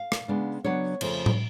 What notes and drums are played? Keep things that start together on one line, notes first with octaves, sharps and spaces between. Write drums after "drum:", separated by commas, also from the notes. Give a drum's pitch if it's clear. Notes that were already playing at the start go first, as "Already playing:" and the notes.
Already playing: F5
drum: rim click
C#3 G#3 B3 D4
C#3 F#3 B3 D4 C#5
F2 C#3 F3 A3, drum: cymbal
drum: tom A2